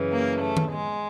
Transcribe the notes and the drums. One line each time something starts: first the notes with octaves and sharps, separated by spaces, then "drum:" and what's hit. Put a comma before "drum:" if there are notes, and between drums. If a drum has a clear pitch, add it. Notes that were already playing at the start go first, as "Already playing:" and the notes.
Already playing: F#2 C#3 E3
A#3
A3
drum: tom D#3
G#3